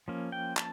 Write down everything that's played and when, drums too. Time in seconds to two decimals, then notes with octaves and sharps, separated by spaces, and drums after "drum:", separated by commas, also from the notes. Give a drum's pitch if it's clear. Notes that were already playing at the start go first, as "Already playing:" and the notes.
0.08 F3 A#3 C#4
0.32 G5
0.57 A5, drum: clap